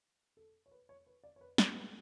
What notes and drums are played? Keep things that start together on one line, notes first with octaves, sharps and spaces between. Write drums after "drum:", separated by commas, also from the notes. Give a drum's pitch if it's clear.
A4
C#5
B4
C#5
B4
D5
C#5
B4
B4, drum: snare
B4